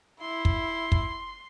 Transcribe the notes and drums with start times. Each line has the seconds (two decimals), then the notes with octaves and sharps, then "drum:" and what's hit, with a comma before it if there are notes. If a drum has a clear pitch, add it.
0.22 E4 C6
0.45 drum: kick
0.92 drum: kick